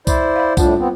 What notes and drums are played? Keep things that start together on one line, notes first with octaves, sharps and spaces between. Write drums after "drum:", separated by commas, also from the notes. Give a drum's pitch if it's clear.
E4 C5 D5, drum: kick, tambourine
F5 B5
A2 G3 D4 F4 F#5, drum: kick, tambourine
B3 C4